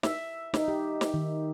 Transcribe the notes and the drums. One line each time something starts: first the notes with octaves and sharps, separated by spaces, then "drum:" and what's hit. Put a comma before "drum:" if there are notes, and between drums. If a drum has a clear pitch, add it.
E5, drum: snare
D#4, drum: snare
G4
drum: snare
D#3